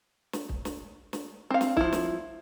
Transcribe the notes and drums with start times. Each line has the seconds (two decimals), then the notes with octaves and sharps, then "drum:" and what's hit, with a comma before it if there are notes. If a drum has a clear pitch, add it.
0.33 drum: snare
0.49 drum: kick
0.65 drum: snare
1.13 drum: snare
1.50 C4 F5
1.61 drum: snare
1.77 F3 E4, drum: kick
1.93 drum: snare